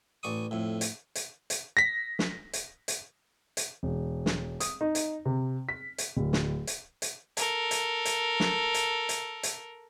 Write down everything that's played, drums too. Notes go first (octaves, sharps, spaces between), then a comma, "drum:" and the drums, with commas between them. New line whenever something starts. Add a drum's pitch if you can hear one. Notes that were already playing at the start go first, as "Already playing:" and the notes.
A1 D5 C#6 D#6
F2 A2
drum: hi-hat
drum: hi-hat
drum: hi-hat
A#6 B6
drum: snare
drum: hi-hat
drum: hi-hat
drum: hi-hat
E1
drum: snare
D#6, drum: hi-hat
D#4
drum: hi-hat
C3
B6
drum: hi-hat
D1
drum: snare
drum: hi-hat
drum: hi-hat
A4 A#4, drum: hi-hat
drum: hi-hat
drum: hi-hat
drum: snare
drum: hi-hat
drum: hi-hat
drum: hi-hat